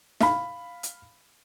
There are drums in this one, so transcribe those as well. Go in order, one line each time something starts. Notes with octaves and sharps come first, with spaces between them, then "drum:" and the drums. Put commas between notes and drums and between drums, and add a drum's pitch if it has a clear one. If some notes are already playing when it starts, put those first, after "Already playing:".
F5 B5, drum: snare
drum: hi-hat